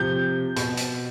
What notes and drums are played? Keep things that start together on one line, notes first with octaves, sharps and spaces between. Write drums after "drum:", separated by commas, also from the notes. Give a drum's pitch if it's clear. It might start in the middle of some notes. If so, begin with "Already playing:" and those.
Already playing: C3 F3 G6
B2, drum: hi-hat
drum: hi-hat